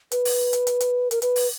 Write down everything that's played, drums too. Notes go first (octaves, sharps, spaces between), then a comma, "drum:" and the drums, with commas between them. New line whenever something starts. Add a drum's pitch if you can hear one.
B4, drum: hi-hat
drum: open hi-hat
drum: hi-hat
drum: hi-hat
drum: hi-hat
A#4, drum: hi-hat
B4, drum: hi-hat
drum: open hi-hat